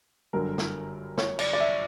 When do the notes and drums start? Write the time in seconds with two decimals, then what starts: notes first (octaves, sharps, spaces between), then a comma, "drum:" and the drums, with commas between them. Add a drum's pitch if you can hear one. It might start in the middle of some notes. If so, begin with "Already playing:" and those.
0.33 G1 F#2 D3 G3 A#4
0.58 drum: snare
1.18 C#5, drum: snare
1.39 D5, drum: cymbal
1.53 D5
1.60 E5